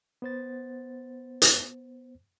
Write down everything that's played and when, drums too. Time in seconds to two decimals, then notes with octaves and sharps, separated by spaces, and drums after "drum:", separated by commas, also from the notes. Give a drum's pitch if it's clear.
0.22 B3 C5 A6
1.42 drum: hi-hat